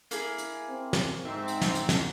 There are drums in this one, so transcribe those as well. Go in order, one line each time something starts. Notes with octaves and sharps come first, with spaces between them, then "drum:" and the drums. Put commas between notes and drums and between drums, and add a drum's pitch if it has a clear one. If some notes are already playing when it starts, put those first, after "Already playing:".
A#3 E4 G#4, drum: hi-hat
drum: hi-hat
C4
drum: snare
G#2 C4 D#4 E5
drum: hi-hat
drum: snare
drum: hi-hat
drum: snare